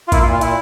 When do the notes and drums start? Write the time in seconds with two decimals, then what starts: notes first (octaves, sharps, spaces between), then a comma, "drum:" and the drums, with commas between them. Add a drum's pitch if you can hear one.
0.08 F4
0.12 A#3 E4, drum: kick A1, hi-hat
0.22 F4
0.27 A#2
0.32 F4
0.41 A#2 E4, drum: hi-hat